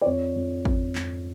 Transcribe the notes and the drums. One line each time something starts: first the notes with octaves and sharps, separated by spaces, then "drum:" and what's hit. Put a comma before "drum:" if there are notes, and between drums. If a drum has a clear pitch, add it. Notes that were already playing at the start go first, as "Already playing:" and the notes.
D5
F2 C#5
F2
F2, drum: kick
F2, drum: clap